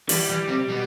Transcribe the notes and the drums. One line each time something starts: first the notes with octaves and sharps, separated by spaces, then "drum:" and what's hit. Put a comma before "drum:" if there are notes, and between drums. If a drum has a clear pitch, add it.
E3 G3, drum: open hi-hat
E3
C3
B2